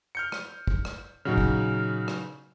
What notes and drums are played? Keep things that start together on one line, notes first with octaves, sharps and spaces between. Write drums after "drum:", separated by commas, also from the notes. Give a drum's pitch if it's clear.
F6 G6 C#7
drum: rim click
drum: kick
drum: rim click
A#2 C#3 F#3 D#4 F6
drum: kick
drum: rim click